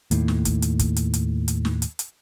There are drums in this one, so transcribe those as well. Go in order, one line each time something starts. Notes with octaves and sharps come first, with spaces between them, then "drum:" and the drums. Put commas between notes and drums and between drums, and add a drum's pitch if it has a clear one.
D#2 A2, drum: hi-hat
drum: snare
drum: kick, hi-hat
drum: hi-hat
drum: kick, hi-hat
drum: hi-hat
drum: hi-hat
drum: hi-hat
drum: snare
drum: hi-hat
drum: hi-hat